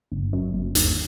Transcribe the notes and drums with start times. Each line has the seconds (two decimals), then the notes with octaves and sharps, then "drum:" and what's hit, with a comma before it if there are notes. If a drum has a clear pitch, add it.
0.12 G1
0.33 F#2
0.53 G1
0.75 D#2, drum: hi-hat